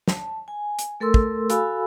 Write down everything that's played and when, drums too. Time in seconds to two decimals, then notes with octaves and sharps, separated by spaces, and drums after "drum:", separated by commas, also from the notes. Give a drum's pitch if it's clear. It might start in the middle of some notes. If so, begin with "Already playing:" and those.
0.08 A5, drum: snare
0.48 G#5
0.79 drum: hi-hat
1.00 A3 A4 A#4 C6 E6
1.14 drum: kick
1.50 F#4 A4 F5 G#5 B5 E6, drum: hi-hat